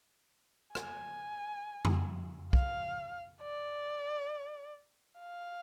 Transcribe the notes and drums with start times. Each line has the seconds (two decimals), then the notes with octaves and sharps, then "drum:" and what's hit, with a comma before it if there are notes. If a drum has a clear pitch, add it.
0.75 G#5, drum: rim click
1.85 drum: tom F2
2.53 F5, drum: kick
3.41 D5
5.19 F5